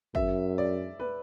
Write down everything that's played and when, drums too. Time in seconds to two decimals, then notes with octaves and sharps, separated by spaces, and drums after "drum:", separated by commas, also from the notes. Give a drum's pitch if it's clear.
0.15 F#2 E5, drum: kick
0.58 D5
1.00 B4, drum: tom